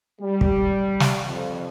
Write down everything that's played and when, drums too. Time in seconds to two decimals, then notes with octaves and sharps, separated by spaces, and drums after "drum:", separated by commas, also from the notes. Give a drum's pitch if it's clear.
0.21 G3
0.41 drum: kick
1.00 drum: snare
1.25 F2